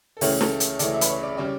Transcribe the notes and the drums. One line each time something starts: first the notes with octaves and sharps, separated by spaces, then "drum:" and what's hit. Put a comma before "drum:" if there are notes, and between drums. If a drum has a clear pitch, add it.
A4
C#2 C#3 E3 A3 C#4 G4, drum: open hi-hat
A4, drum: snare
drum: hi-hat
C#2 C#3 E3 A3 C#4 D5, drum: hi-hat
E5
B4, drum: hi-hat
C#5
D5
C#3 G3 C#4 D5